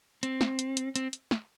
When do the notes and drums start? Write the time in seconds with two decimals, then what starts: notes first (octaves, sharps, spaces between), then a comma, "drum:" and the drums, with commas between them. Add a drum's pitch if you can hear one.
0.23 C4, drum: hi-hat
0.41 drum: snare
0.59 drum: hi-hat
0.77 drum: hi-hat
0.96 C4, drum: hi-hat
1.13 drum: hi-hat
1.31 drum: snare